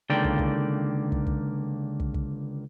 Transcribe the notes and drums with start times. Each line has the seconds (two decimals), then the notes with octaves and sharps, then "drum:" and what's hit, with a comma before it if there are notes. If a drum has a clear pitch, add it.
0.10 C#2 D3 D#3 A#3 D5 G5
0.24 drum: kick
0.39 drum: kick
1.12 drum: kick
1.27 drum: kick
2.00 drum: kick
2.14 drum: kick